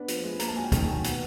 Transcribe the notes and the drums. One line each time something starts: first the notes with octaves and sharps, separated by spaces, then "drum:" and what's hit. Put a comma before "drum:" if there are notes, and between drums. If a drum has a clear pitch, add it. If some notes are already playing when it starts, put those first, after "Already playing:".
Already playing: B3 D4 B5
F3, drum: hi-hat
G#3
A#3 A#5, drum: hi-hat
A5
F#3 G#5
G5
D#3, drum: kick, hi-hat
F#3
B3, drum: hi-hat